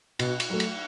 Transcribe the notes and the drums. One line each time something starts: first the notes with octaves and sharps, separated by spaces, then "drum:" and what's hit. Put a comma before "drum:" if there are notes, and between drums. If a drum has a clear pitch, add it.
B2, drum: cymbal
drum: cymbal
F#3 A3
drum: cymbal